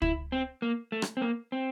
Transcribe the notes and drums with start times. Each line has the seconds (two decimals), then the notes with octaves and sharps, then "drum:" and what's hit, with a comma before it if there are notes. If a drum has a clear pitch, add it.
0.02 E4, drum: kick
0.32 C4
0.62 A#3
0.92 A3
1.02 drum: rim click
1.17 C4
1.22 A#3
1.52 C4